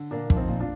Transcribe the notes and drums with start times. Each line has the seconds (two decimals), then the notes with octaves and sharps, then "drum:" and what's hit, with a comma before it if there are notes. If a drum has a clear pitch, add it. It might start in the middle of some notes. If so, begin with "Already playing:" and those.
Already playing: D3
0.11 A#2 A#3 D4
0.30 F3, drum: kick
0.36 C4 D#4
0.48 A#2
0.60 D4 F4